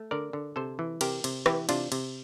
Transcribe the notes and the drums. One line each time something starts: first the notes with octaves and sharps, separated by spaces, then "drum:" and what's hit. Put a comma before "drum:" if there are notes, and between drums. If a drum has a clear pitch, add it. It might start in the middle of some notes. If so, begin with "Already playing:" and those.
Already playing: A3
D3 A#4 D5
D3
C3 A4 C5
E3
C3 G4 A#4, drum: cymbal
C3, drum: cymbal
E3 E4 G4, drum: rim click
C3 D4 F4, drum: cymbal
C3, drum: cymbal